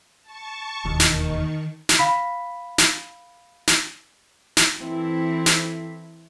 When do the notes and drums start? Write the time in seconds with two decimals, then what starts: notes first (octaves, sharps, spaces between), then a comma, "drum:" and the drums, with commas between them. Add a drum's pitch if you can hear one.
0.23 A5 C#6
0.85 E1 D#2 D#3
1.00 drum: snare
1.89 drum: snare
1.98 F5 B5 B6
2.78 drum: snare
3.68 drum: snare
4.57 drum: snare
4.80 E3 C4 E4 A4
5.46 drum: snare